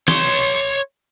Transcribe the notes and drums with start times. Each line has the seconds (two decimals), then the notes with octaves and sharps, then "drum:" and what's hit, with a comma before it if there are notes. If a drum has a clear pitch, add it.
0.08 C#5 C6, drum: snare